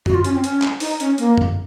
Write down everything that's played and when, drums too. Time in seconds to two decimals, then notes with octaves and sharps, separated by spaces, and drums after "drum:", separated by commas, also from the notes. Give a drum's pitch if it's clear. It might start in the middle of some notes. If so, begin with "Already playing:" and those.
0.06 F#4, drum: tom F#2
0.14 F4
0.24 C#4, drum: hi-hat
0.34 C4
0.44 C#4, drum: hi-hat
0.62 drum: clap
0.80 D#4, drum: open hi-hat
1.00 C#4, drum: hi-hat
1.18 A#3, drum: hi-hat
1.37 drum: tom F#2